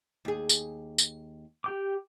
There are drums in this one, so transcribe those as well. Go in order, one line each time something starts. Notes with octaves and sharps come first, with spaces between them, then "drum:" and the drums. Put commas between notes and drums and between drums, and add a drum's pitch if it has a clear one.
D#2 G#4
drum: tambourine
drum: tambourine
G4 G5 D6